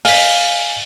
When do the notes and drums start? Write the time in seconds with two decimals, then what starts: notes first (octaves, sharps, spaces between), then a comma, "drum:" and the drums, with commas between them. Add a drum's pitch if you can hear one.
0.05 F5 G#5 B6, drum: open hi-hat